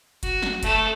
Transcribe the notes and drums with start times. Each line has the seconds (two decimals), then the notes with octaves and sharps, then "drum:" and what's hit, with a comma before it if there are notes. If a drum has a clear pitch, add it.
0.23 F#4, drum: kick F#1, hi-hat
0.43 drum: snare
0.63 A3, drum: kick F#1, hi-hat